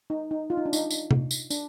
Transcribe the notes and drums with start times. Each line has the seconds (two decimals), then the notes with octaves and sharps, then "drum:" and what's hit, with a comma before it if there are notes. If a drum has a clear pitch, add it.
0.10 D#4
0.31 D#4
0.50 F4
0.57 D#4
0.66 D4
0.73 D#4, drum: tambourine
0.91 drum: tambourine
1.11 drum: tom C3
1.31 drum: tambourine
1.50 D4, drum: tambourine